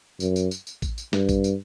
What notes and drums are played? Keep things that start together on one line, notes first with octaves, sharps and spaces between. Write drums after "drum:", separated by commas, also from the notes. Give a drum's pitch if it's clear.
F#2, drum: tambourine
drum: tambourine
drum: tambourine
drum: tambourine
drum: kick A1, tambourine
drum: tambourine
G2, drum: snare
drum: kick A1, tambourine
drum: tambourine